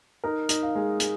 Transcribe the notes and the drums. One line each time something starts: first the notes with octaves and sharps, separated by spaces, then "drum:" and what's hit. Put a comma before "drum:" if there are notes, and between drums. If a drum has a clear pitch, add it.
D#4 A#4
D#4, drum: hi-hat
F5
G#3
G#3, drum: hi-hat